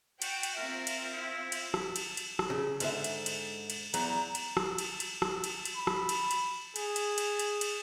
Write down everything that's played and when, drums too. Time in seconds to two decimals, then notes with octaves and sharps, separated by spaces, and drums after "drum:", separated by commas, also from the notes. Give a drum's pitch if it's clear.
0.22 F#4 G5, drum: cymbal
0.43 drum: cymbal
0.57 C4 F4 A#4 E5
0.87 drum: cymbal
1.13 E4
1.52 drum: cymbal
1.74 drum: rim click
1.96 drum: cymbal
2.17 drum: cymbal
2.39 drum: rim click
2.50 C#3
2.80 G#2 D3 E5, drum: cymbal
3.04 drum: cymbal
3.26 drum: cymbal
3.70 drum: cymbal
3.94 E2 F#3 A#5, drum: cymbal
4.35 drum: cymbal
4.57 drum: rim click
4.78 drum: cymbal
5.00 drum: cymbal
5.22 drum: rim click
5.44 drum: cymbal
5.65 drum: cymbal
5.76 B5
5.87 drum: rim click
6.09 drum: cymbal
6.31 drum: cymbal
6.76 G#4, drum: cymbal
6.96 drum: cymbal
7.18 drum: cymbal
7.39 drum: cymbal
7.61 drum: cymbal